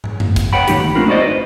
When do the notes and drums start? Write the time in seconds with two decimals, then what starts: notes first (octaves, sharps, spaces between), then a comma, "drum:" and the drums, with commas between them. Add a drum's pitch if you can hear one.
0.04 drum: tom
0.20 drum: tom F#2
0.36 drum: kick G#1, hi-hat
0.53 B4 C#5 F#5 G5 B5
0.68 D#2 A2 E3 C4 D#4 G4, drum: hi-hat
0.80 B5
0.95 A3 C4 D4 F4 A#4
1.08 D#4 F#4 C5 D5 D#5
1.22 B4